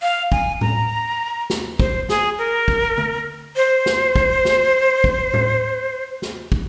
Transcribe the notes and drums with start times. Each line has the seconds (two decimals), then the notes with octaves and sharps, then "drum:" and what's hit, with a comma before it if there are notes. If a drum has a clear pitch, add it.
0.02 F5
0.32 G#5, drum: kick
0.61 A#5, drum: tom A2
1.50 drum: snare
1.79 C5, drum: kick
2.09 G#4, drum: snare
2.38 A#4
2.68 drum: kick
2.97 drum: tom D3
3.56 C5
3.86 drum: snare
4.16 drum: kick
4.45 drum: snare
5.04 drum: kick
5.34 drum: tom A2
6.22 drum: snare
6.52 drum: kick